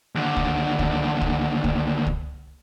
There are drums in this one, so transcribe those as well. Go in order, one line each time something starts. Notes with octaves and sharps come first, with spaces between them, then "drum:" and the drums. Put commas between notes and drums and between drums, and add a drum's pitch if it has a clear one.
D#2 D3
drum: kick C#2
drum: kick C#2
drum: kick C#2
drum: kick C#2
drum: kick C#2